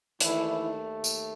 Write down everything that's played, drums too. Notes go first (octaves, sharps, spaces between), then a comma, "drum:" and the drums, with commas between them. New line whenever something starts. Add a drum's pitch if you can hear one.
D#2 D#3 E3 A3 E4, drum: hi-hat
drum: tambourine